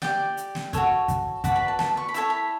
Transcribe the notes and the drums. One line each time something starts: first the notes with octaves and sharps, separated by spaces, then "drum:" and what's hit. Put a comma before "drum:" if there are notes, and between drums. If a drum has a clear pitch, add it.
G4 D5 G5, drum: snare
drum: hi-hat
drum: snare
F#4 A4 C#5, drum: kick, hi-hat
drum: kick, hi-hat
F#4 B4 D5 A5, drum: kick, hi-hat
B5
A5
A5, drum: snare
C#6
B5
E4 A4 C#5 A5, drum: hi-hat
B5